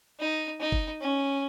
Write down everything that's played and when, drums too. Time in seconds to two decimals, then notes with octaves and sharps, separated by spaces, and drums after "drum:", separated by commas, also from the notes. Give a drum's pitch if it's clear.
0.20 D#4
0.60 D#4
0.72 drum: kick
1.02 C#4